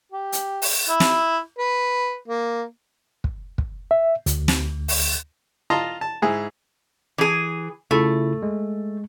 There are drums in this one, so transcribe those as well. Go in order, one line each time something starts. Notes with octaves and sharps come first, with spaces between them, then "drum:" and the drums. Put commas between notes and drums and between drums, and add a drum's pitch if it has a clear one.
G4
drum: hi-hat
drum: open hi-hat
E4
drum: snare
B4
A#3
drum: kick
drum: kick
E5
D2, drum: hi-hat
drum: snare
drum: open hi-hat
F4 D#5 A5 A#5 C6
A5
G#2 E4 G#4
E3 G#4
C#3 A3 E4 F4
G#3